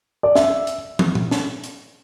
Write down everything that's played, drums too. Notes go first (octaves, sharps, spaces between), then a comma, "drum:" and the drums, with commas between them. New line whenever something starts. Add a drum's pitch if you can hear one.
D5
E5, drum: snare
drum: hi-hat
drum: tom
drum: tom A#2
drum: snare
drum: hi-hat